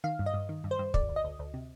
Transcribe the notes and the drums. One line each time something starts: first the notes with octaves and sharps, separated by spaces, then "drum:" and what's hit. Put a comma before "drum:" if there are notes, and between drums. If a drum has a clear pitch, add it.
D#3 F5
G2
D#5
G2
D#3
G2
C5
G2
D2 D5, drum: kick
D2
D#5
D2
D2
C3